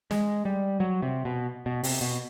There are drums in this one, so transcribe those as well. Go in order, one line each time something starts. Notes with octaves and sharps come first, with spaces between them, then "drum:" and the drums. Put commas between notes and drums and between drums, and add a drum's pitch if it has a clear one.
G#3, drum: snare
G3
F#3
C3
B2
B2
C3, drum: open hi-hat
B2